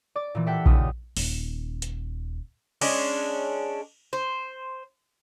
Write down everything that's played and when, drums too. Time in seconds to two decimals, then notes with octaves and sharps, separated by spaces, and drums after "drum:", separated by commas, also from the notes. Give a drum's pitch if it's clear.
0.16 D5 D6
0.35 A#2 E3
0.46 G4 A4 E5 F#5 G5
0.66 D#2 A#2 C#3 D#6, drum: kick A#1
1.17 D#1, drum: open hi-hat
1.82 drum: hi-hat
2.81 G#3 C#4 D4, drum: cymbal
4.13 C5